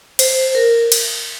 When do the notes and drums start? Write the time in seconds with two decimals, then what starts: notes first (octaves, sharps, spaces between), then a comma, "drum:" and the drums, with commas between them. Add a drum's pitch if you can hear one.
0.19 C5, drum: cymbal
0.55 A#4
0.92 drum: cymbal